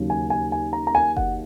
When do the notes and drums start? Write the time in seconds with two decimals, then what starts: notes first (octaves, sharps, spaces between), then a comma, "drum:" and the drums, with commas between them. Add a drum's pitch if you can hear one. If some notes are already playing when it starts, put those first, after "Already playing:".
Already playing: D#2 C#3 F#3 A#3
0.10 G#5
0.30 G#5
0.52 G#5
0.73 A#5
0.87 A#5
0.95 G#5
1.17 F#5, drum: kick F#1